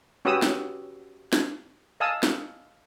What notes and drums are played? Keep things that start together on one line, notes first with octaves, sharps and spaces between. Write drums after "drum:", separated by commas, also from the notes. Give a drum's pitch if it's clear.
C#4 F#4 G4 B4 D#6 E6
drum: snare
drum: snare
D#5 F5 G#5 A5 D#6 E6
drum: snare